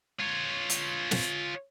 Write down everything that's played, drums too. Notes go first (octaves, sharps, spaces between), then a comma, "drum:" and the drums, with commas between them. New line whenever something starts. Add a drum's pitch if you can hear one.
F4 C#5
drum: hi-hat
drum: snare